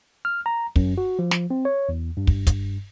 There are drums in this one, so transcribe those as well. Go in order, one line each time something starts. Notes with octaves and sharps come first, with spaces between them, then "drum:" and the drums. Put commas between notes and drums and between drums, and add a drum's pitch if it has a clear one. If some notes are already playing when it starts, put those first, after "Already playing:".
F6
A#5
F#2, drum: kick
F#4
F3
drum: snare
C4
C#5
E2
G2
drum: kick
drum: kick, hi-hat